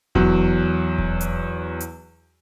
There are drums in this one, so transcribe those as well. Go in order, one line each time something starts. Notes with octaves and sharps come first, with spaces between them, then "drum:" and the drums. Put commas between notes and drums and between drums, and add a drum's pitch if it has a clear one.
E2 F#3, drum: kick D#1
drum: kick D#1
drum: hi-hat
drum: hi-hat